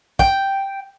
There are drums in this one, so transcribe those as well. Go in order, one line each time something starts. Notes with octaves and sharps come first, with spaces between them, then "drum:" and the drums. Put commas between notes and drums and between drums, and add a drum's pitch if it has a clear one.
G5, drum: kick